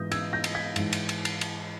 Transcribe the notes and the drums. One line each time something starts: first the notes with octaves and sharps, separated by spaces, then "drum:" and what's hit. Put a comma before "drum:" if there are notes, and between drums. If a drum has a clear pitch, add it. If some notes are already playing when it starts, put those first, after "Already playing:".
Already playing: G#2 E3 D#6 G6 A#6
E6 G#6, drum: cymbal
G6 A#6
drum: cymbal
G#6 B6
G#2 E3, drum: cymbal
drum: cymbal
drum: cymbal
drum: cymbal
drum: cymbal